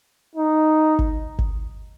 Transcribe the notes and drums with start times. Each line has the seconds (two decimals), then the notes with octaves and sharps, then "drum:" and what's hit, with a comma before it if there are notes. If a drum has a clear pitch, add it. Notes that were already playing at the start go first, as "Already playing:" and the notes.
0.35 D#4
0.99 drum: kick G1
1.39 drum: kick G1